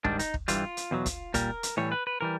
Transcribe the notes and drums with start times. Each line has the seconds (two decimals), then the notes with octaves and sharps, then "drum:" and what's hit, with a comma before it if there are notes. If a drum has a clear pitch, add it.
0.04 G#2 D#3 G3 D4, drum: kick
0.19 D#4, drum: hi-hat
0.34 drum: kick
0.48 G2 E3 G3 F4, drum: hi-hat
0.77 drum: hi-hat
0.91 E2 B2 F#3
1.06 drum: kick, hi-hat
1.34 A#2 G3 A#4, drum: kick, hi-hat
1.63 drum: hi-hat
1.77 A2 E3 G3 C#5
1.92 B4
2.07 B4
2.21 E3 G3 A#4